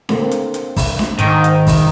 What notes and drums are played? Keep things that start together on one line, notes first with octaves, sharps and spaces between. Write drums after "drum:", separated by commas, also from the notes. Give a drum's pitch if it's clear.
D3 A#3 C4, drum: snare D4
drum: hi-hat
drum: hi-hat
drum: kick, open hi-hat
drum: snare D4
G#2 D#3, drum: hi-hat
drum: hi-hat
drum: kick, open hi-hat